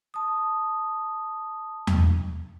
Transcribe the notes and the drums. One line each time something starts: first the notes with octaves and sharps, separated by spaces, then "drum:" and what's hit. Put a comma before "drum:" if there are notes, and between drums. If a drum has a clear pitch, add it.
A5 D#6
drum: tom E2